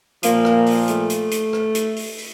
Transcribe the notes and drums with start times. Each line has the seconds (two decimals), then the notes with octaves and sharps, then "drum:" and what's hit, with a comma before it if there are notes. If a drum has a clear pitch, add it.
0.23 A#2 F3 A#3, drum: hi-hat
0.45 drum: rim click
0.66 drum: open hi-hat
0.88 A3, drum: hi-hat
1.10 drum: hi-hat
1.31 drum: hi-hat
1.53 drum: rim click
1.75 drum: hi-hat
1.96 drum: open hi-hat
2.18 drum: open hi-hat